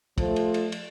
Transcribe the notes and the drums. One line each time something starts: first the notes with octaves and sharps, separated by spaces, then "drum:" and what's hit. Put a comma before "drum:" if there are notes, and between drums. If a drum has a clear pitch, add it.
F3 A3, drum: kick, cymbal
drum: cymbal
drum: cymbal
drum: cymbal